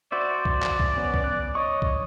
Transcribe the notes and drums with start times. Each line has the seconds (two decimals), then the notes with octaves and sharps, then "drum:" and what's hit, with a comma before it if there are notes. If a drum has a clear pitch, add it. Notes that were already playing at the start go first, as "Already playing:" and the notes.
0.12 F#4 C5 D5 E5
0.45 drum: kick C2
0.62 drum: clap
0.80 drum: kick C2
0.97 B3 C#4
1.14 drum: kick C2
1.24 F#6
1.55 C#5 D#5 C#6
1.82 drum: kick C2